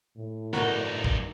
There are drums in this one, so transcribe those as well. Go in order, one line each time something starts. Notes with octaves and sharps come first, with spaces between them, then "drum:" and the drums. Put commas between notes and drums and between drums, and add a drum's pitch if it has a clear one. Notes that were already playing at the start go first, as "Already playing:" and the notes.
A2
G2 D#4 F#4 A#4, drum: snare
drum: kick